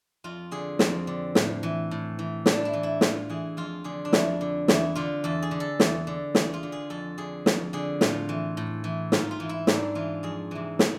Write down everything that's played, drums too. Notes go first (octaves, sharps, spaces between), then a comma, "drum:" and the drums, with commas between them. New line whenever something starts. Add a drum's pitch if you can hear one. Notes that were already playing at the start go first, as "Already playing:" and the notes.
F2 F4
D3 G#4
F2 C4, drum: snare
D3
A2, drum: snare
E3
A2
E3
A2 D4, drum: snare
E4
E3
E4
A2 F4, drum: snare
E3 G#4
F2 F4
D3 G#4
D4
F2 E4, drum: snare
D3
E2 E4, drum: snare
D3 F4
E2 A4
G#4
D3
A4
E2, drum: snare
D3
E2 G#4, drum: snare
F4
D3
G#4
F2 A4
D3 G#4
F2, drum: snare
D3 G#4
A2 F4, drum: snare
E3
A2
E3
G#2 F4, drum: snare
F4
E3
E4
G#2 D4, drum: snare
E3 F4
F2 G#4
C3 E3
G#4, drum: snare